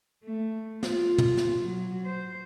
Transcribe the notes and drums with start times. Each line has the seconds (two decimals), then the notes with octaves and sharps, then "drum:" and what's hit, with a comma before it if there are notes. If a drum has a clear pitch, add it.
0.24 A3
0.83 F4, drum: snare
1.18 drum: tom
1.37 drum: snare
1.61 F#3
2.05 C5